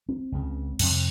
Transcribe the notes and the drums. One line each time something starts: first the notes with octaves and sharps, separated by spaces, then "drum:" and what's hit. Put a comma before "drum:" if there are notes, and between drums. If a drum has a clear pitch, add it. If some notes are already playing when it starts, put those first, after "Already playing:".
C4
C#2 C#3
F2 C3, drum: cymbal